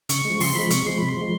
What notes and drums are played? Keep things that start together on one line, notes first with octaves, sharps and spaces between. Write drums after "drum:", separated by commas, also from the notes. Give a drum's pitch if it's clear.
C#3 C#6, drum: hi-hat
G#3
F3
C#3 C6, drum: open hi-hat
F3 G#3 B5
C3 C#6, drum: hi-hat
F3 G#3 C6
C3 B5
C6
F3 G#3